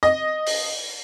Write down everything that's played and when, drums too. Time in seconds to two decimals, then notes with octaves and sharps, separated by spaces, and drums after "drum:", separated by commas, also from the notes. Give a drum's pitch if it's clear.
0.03 D#5
0.47 drum: open hi-hat